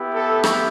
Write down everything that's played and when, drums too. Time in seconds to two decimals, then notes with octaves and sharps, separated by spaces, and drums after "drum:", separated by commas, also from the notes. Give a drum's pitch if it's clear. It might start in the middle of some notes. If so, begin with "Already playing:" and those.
Already playing: B3 E4 G4
0.12 A4
0.44 drum: rim click